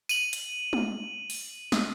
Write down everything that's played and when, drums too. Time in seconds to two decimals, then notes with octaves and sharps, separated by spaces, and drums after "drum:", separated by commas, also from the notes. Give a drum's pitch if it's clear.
0.09 D#7 F#7, drum: tambourine
0.33 drum: hi-hat
0.73 drum: tom
1.30 drum: open hi-hat
1.72 drum: snare